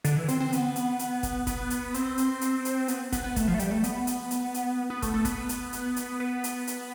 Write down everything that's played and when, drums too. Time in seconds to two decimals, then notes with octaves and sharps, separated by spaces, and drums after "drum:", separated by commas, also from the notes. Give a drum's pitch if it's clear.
0.04 D3, drum: hi-hat
0.17 E3
0.28 C4, drum: hi-hat
0.40 C4
0.52 B3, drum: hi-hat
0.76 drum: hi-hat
0.99 drum: hi-hat
1.23 drum: kick, hi-hat
1.47 B3, drum: kick, hi-hat
1.70 drum: hi-hat
1.94 C4, drum: hi-hat
2.18 drum: hi-hat
2.41 drum: hi-hat
2.65 drum: hi-hat
2.88 B3, drum: hi-hat
3.12 B3, drum: kick, hi-hat
3.24 B3
3.36 A3, drum: kick, hi-hat
3.48 F3
3.54 A3
3.59 G3, drum: hi-hat
3.71 A3
3.84 B3, drum: hi-hat
4.07 drum: hi-hat
4.31 drum: hi-hat
4.54 drum: hi-hat
4.90 B3
5.02 A3, drum: kick, hi-hat
5.14 A3
5.25 B3, drum: kick, hi-hat
5.49 drum: hi-hat
5.73 drum: hi-hat
5.96 drum: hi-hat
6.20 B3
6.44 drum: hi-hat
6.67 drum: hi-hat